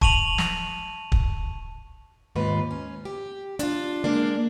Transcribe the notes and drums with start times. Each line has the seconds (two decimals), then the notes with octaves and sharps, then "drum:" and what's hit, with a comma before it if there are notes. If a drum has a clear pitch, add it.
0.01 A5 C#6 D#7 F7 F#7, drum: kick
0.38 drum: snare
1.12 drum: kick
2.36 D#2 G#2 F4 B4
2.71 C#4
3.05 G4
3.59 D4 F4, drum: hi-hat
4.04 G#3 A#3 D4